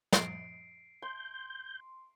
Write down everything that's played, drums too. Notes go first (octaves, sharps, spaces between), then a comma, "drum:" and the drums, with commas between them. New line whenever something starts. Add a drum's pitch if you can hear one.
C7 D7, drum: snare
C6 G6